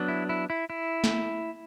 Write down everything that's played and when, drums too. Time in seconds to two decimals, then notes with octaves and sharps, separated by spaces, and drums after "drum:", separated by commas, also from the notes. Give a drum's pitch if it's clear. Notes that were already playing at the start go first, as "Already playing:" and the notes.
Already playing: F#3 B3 D4
0.08 E4
0.29 E4
0.50 E4
0.70 E4
1.04 drum: snare